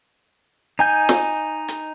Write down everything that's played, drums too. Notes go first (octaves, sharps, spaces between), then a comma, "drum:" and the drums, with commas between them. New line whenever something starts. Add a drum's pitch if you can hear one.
D#4 G#5 G6
drum: snare
drum: hi-hat